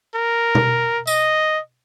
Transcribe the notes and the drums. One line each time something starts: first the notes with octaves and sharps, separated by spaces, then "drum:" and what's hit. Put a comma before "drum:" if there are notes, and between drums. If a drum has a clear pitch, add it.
A#4
drum: tom B2
D#5, drum: tambourine